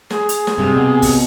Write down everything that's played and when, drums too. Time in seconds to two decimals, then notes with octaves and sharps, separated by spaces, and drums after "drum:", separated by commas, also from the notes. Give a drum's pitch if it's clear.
0.10 G#4, drum: snare
0.29 drum: hi-hat
0.47 drum: snare
0.58 G2 C3
0.76 B2
1.02 drum: kick, open hi-hat